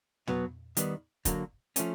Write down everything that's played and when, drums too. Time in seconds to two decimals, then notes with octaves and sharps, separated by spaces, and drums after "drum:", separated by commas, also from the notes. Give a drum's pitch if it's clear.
0.27 B2 F#3 B3, drum: tom
0.77 D#3 G3 B3, drum: hi-hat
1.25 D3 F#3 A#3, drum: kick, hi-hat
1.76 F3 A3 C#4, drum: hi-hat